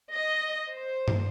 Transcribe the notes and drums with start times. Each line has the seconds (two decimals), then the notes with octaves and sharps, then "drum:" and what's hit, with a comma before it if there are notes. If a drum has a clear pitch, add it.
0.13 D#5
0.72 C5
1.08 drum: tom G2